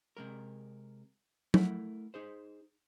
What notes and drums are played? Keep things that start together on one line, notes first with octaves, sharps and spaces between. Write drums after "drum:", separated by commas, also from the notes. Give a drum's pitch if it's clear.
C3 G#3 A#4
A3 E4 A4 A#4 F#5, drum: tom F#3
D#4 G#4 C5